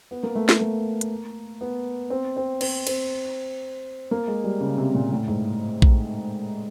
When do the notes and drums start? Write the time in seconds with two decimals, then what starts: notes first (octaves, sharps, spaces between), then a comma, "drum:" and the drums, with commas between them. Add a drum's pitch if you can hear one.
0.11 B3
0.23 A#3
0.36 A3
0.49 A3, drum: snare
0.61 A#3
1.01 drum: hi-hat
1.61 B3
2.10 C4
2.37 C4
2.61 C4, drum: cymbal
2.87 C4, drum: cymbal
4.11 A#3
4.27 G#3
4.44 G3
4.61 C#3
4.78 C3
4.94 A#2
5.12 A2
5.28 G#2
5.82 drum: kick A#1